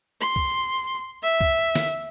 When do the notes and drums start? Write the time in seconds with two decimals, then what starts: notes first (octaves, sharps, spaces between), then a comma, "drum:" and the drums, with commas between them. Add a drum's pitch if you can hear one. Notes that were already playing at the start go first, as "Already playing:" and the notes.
0.21 C6
0.36 drum: kick C2
1.23 E5
1.41 drum: kick C2
1.75 drum: snare